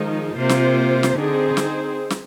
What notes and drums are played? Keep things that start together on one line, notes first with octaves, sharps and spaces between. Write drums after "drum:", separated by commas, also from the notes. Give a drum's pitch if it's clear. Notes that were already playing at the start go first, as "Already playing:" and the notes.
Already playing: D#3 F3 G#3 D#4
C3 A#3 F4 C5
drum: snare
drum: snare
D3 C4 D#4 G#4 C5
drum: snare
drum: snare